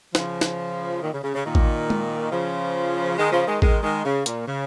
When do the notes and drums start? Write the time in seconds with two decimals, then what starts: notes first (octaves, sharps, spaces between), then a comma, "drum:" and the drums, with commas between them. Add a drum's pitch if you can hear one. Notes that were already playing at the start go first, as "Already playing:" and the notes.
0.15 C#3 F3, drum: snare
0.41 drum: snare
1.02 A#2 D#3
1.13 C#3
1.24 C#3
1.35 C#3
1.45 A#2 D#3
1.55 drum: kick A1
1.90 drum: tom G#3
2.32 C#3 F3
3.18 D#3 G#3
3.32 C#3 F3
3.47 D#3 G#3
3.62 D#3 G#3, drum: kick A1
3.83 D#3 G#3
4.05 C#3
4.26 A#2, drum: hi-hat
4.48 C#3